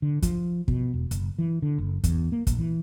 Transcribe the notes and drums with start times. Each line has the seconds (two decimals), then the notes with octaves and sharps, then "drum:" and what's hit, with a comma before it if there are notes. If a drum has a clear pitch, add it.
0.02 D3
0.22 F3, drum: kick, hi-hat
0.68 B2, drum: kick
0.94 E1
1.11 F#1, drum: hi-hat
1.39 E3
1.62 D3
1.78 F#1
2.04 E2, drum: kick, hi-hat
2.32 A#3
2.47 A#1, drum: kick, hi-hat
2.59 E3